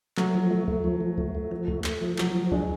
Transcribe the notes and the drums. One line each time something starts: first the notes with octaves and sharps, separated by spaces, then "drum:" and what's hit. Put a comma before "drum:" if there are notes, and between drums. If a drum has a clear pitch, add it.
F#3 A3, drum: clap
F3
A3
A3, drum: kick
F3
F3
A3, drum: kick
A3
F3
A3, drum: kick
A3, drum: clap
F3
F3 F#3, drum: clap
F3
G#3 D4, drum: kick